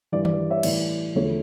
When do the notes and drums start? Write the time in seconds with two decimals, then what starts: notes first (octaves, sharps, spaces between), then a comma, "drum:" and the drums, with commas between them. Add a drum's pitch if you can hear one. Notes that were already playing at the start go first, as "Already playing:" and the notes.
0.12 G2 E3 G3 D5
0.25 D5, drum: tom D#3
0.50 C#5 E5
0.63 A2 E3 G3 D5, drum: cymbal
1.15 E2 D3 F3 A3 C#5